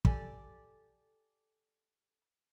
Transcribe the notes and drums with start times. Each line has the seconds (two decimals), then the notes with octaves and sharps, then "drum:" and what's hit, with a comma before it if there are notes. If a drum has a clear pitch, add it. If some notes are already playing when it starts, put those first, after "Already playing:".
0.05 G4 A4 D5 G#5, drum: kick